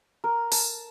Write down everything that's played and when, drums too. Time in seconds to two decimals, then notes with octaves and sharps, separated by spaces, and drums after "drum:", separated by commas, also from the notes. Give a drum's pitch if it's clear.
0.24 A#4
0.52 A5, drum: open hi-hat